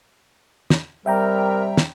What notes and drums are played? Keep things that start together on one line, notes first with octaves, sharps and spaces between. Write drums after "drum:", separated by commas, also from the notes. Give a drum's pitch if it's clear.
drum: snare
C3 G3 A#4 E5 G5 A#5
drum: snare